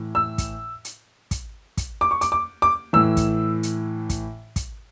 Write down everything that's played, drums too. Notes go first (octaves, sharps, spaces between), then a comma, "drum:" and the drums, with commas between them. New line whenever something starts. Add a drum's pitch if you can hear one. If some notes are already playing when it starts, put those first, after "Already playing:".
Already playing: A2 E3
E6
drum: kick, hi-hat
drum: hi-hat
drum: kick, hi-hat
drum: kick, hi-hat
D6
C#6
D6, drum: hi-hat
D6
D6
A2 E3 E6
drum: kick, hi-hat
drum: hi-hat
drum: kick, hi-hat
drum: kick, hi-hat